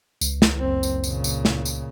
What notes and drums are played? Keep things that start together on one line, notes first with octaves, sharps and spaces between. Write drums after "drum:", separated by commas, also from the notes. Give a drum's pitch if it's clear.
C#2, drum: tambourine
drum: snare
F#1 C4
drum: tambourine
A#2 C#3, drum: tambourine
drum: tambourine
drum: snare
drum: tambourine